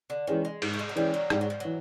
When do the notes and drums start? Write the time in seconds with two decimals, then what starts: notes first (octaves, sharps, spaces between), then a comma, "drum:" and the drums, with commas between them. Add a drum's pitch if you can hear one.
0.10 D3
0.27 D#3 E3 G#3 C#4
0.45 G#3
0.62 G#2, drum: cymbal
0.74 A3
0.79 G#3
0.89 F#3
0.96 E3 G3 G#3 C#4
1.14 F#3
1.30 G#2 G3, drum: rim click
1.41 F#3
1.50 F3
1.60 E3 F#3